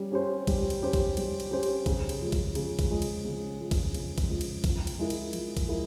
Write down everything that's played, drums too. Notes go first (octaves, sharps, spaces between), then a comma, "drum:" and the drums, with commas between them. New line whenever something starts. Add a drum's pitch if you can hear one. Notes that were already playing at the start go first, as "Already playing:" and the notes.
Already playing: G3 C#4
C#4 G4 C5
G3, drum: kick A#1, cymbal
drum: cymbal
C#4 G4 C5
drum: kick A#1, cymbal
G3, drum: cymbal
drum: cymbal
C#4 G4 C5
drum: cymbal
C#3, drum: kick A#1, cymbal
drum: cymbal
F3 G#3
drum: kick A#1, cymbal
C#3, drum: cymbal
drum: kick A#1, cymbal
F3 G#3
drum: cymbal
C#3
F3 G#3
drum: kick A#1, cymbal
C#3, drum: cymbal
drum: kick A#1, cymbal
F3 G#3
drum: cymbal
F3, drum: kick A#1, cymbal
drum: cymbal
G#3 E4 A#4
drum: cymbal
F3, drum: cymbal
drum: kick A#1, cymbal
G#3 E4 A#4